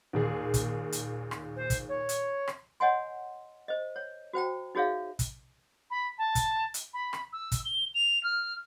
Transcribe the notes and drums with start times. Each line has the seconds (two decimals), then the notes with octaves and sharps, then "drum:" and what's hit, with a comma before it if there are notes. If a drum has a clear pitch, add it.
0.13 D#2 A#2 G#4
0.54 drum: kick, hi-hat
0.92 drum: hi-hat
1.31 drum: rim click
1.56 C5
1.70 drum: kick, hi-hat
1.88 C#5
2.09 drum: hi-hat
2.48 drum: rim click
2.80 C#5 D#5 F#5 G#5 C6
3.68 C5 D#5
3.96 C#5
4.33 F#4 C5 G5 A#5
4.75 D#4 F#4 G#4 C#5 E5 F5
5.19 drum: kick, hi-hat
5.90 B5
6.18 A5
6.35 drum: kick, hi-hat
6.74 drum: hi-hat
6.93 B5
7.13 drum: rim click
7.33 E6
7.52 drum: kick, hi-hat
7.65 G7
7.94 F7
8.23 F6